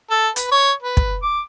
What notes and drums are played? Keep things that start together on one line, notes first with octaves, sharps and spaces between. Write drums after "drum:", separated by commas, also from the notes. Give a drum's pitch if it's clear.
A4
B4, drum: hi-hat
C#5
B4
drum: kick
D6